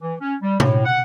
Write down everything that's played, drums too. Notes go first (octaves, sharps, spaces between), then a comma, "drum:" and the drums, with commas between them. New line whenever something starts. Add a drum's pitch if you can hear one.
E3
C#4
G3
A2, drum: tom B2
F#5